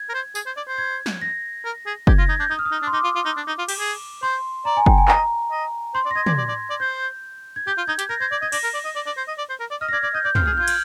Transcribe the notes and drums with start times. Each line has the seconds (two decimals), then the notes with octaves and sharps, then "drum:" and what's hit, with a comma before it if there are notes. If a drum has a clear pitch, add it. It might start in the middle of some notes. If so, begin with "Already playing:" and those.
Already playing: G#6
0.09 A#4
0.14 C5
0.35 G#4, drum: tambourine
0.46 C5
0.57 D5
0.68 C5
0.78 G#6
1.06 drum: snare
1.21 A#6
1.65 A#4
1.86 G#4
2.07 G4 G#6, drum: kick
2.18 F4 A#6
2.29 D#4 G#6
2.39 D4 G6
2.50 D#4 D#6
2.59 F6
2.66 D#6
2.72 D#4
2.82 D4
2.87 C6
2.93 D#4 D6
3.04 F4
3.15 F4
3.26 D#4
3.37 D4
3.48 D#4
3.59 F4
3.69 G4, drum: cymbal
3.79 G#4
4.23 C5 C6
4.65 D5 A#5
4.77 G#5
4.86 G5, drum: kick
4.98 G#5
5.08 D#5 A#5, drum: clap
5.51 D#5
5.95 C5 C6
6.05 D5
6.11 A#6
6.15 D#5 G#6
6.26 D5 G#6, drum: tom
6.38 D5
6.48 D5
6.70 D5
6.80 C5 G6
7.56 G#6
7.67 G4 G6
7.77 F4
7.88 D#4 G#6
7.99 G4, drum: hi-hat
8.09 A#4 A#6
8.21 C5 G#6
8.31 D5 G#6
8.42 D#5 G#6
8.52 D5 A#6, drum: cymbal
8.64 A#4
8.74 D5
8.85 D#5
8.96 D5
9.06 D5
9.17 C5
9.28 D#5
9.38 D5
9.50 C5
9.60 A#4
9.71 D5
9.81 D#5 F6
9.88 A#6
9.93 D5 G#6
10.03 D5 G#6
10.14 D#5 G6
10.25 D5 G6
10.35 C5 F6, drum: tom
10.46 G#4 F6
10.57 F4 G6
10.63 G#6
10.68 G6, drum: cymbal